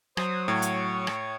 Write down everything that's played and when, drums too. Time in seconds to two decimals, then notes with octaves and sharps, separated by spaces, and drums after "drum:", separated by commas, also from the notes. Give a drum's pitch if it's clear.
0.17 F#3 C5 D#6, drum: rim click
0.48 A2 C#5
0.62 drum: hi-hat
1.07 drum: rim click